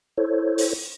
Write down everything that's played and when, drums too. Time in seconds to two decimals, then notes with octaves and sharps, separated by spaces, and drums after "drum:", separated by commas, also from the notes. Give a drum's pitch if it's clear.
0.17 E4 A4 C5 C#5
0.58 drum: open hi-hat